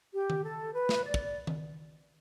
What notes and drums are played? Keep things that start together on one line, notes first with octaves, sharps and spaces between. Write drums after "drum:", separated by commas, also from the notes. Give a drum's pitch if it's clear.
G4
drum: tom D#3
A4
B4
drum: snare
D5
drum: kick
drum: tom D#3